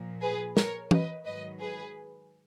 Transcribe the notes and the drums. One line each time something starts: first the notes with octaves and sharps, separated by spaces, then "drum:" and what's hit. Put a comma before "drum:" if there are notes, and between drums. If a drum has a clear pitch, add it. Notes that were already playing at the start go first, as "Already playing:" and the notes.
Already playing: A#2 F3
G#4 B4
A#4 C#5, drum: snare
B4 D#5, drum: tom E3
G#2 D#3 F#3 B4 D#5
G#4 B4